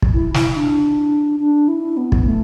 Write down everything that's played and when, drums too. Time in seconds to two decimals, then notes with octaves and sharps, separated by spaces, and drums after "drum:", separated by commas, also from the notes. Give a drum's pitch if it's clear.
0.02 drum: kick
0.14 E4
0.34 E4, drum: snare
0.56 D4
1.40 D4
1.68 E4
1.97 B3
2.12 drum: kick
2.25 A3